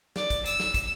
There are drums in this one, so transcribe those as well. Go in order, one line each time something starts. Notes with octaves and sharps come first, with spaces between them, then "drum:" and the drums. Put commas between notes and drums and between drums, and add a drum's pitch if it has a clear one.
D5, drum: snare
drum: kick, hi-hat
E6, drum: hi-hat
drum: snare
drum: kick, hi-hat